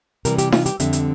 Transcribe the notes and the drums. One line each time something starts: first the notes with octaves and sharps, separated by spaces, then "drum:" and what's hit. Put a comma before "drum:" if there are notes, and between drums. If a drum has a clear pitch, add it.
C3 E3 G3 A#4, drum: hi-hat
G4, drum: hi-hat
F4, drum: snare D#4
G4, drum: hi-hat
F2 D3 G3 C4 E5, drum: hi-hat
drum: hi-hat